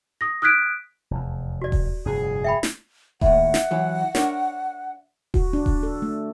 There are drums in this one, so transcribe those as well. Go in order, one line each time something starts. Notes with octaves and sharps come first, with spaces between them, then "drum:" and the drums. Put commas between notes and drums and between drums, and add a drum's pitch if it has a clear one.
D#6 A#6
D#6 F6 F#6 G#6 B6 D7
F1 E2
F#4 D5
drum: kick D#1
F1 G2 A#2 G#4
E5 G5 B5
drum: snare
D#2 A2 E5 F#5, drum: kick D#1
drum: snare
E3 F#3
D4 A#4 C#5, drum: snare
F#4, drum: kick D#1
D4
drum: kick D#1
A4
A3